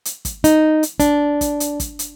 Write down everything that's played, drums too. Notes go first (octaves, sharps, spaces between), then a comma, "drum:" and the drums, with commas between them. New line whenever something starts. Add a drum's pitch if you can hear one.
drum: hi-hat
drum: kick, hi-hat
D#4, drum: hi-hat
drum: hi-hat
D4, drum: kick, hi-hat
drum: kick, hi-hat
drum: hi-hat
drum: kick, hi-hat
drum: hi-hat